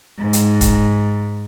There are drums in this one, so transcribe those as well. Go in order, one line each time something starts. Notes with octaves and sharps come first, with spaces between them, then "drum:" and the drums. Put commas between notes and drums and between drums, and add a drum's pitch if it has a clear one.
G#2
drum: hi-hat
drum: kick, hi-hat